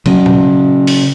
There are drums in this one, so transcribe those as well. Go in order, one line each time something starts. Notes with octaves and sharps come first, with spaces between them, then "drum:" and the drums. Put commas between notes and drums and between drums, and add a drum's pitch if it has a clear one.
C#3 F#3 C#4, drum: cymbal
drum: tom A#2
drum: open hi-hat